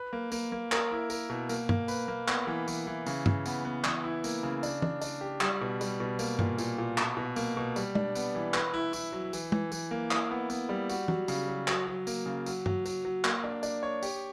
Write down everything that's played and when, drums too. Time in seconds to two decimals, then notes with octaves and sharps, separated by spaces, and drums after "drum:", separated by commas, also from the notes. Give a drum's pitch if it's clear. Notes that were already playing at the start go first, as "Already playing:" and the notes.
Already playing: B4
0.13 A#3
0.32 A#3, drum: tambourine
0.52 A#3
0.72 A#4, drum: clap
0.91 E4
1.10 A#4, drum: tambourine
1.30 B2
1.49 A#3, drum: tambourine
1.69 A#3, drum: tom
1.88 B4, drum: tambourine
2.08 A#3
2.28 B3, drum: clap
2.47 E3
2.68 E3, drum: tambourine
2.87 E3
3.06 C#3, drum: tambourine
3.26 C#3, drum: tom
3.46 B3, drum: tambourine
3.65 B3
3.84 E3, drum: clap
4.04 E4
4.24 A#3, drum: tambourine
4.43 C#3
4.63 D4, drum: tambourine
4.82 D4, drum: tom
5.01 D4, drum: tambourine
5.21 G4
5.41 G3, drum: clap
5.61 B2
5.81 G3, drum: tambourine
6.00 B2
6.19 A#3, drum: tambourine
6.39 A#2, drum: tom G2
6.58 A#2, drum: tambourine
6.78 A#2
6.98 B2, drum: clap
7.17 B2
7.36 A#3, drum: tambourine
7.57 B2
7.76 G3, drum: tambourine
7.95 D4, drum: tom
8.15 B3, drum: tambourine
8.35 E3
8.54 B4, drum: clap
8.74 E4
8.93 E4, drum: tambourine
9.12 F#3
9.33 E3, drum: tambourine
9.52 E3, drum: tom
9.72 E3, drum: tambourine
9.91 A#3
10.11 E4, drum: clap
10.31 B3
10.50 B3, drum: tambourine
10.69 G3
10.89 F#4, drum: tambourine
11.08 F#3, drum: tom
11.28 C#3, drum: tambourine
11.48 F#3
11.67 F#3, drum: clap
11.87 F#3
12.07 A#3, drum: tambourine
12.26 C#3
12.46 F#3, drum: tambourine
12.66 F#3, drum: tom G2
12.86 F#3, drum: tambourine
13.05 F#3
13.24 A#3, drum: clap
13.44 D4
13.63 D4, drum: tambourine
13.83 C#5
14.03 G4, drum: tambourine